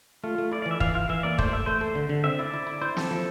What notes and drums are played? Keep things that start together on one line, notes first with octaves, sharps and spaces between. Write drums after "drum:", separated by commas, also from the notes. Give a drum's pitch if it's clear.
A3 F4
A3
E4 D5
D5
E3
E5
E3 F5, drum: kick
F4 F5
E3 E5
A#3 D5
A3 C5, drum: kick
A3 E5
A3 C5
A4 C5
D3
D3
C4 E5
E4 D5
E4
E4
E4 C5
C4 A4, drum: snare
F3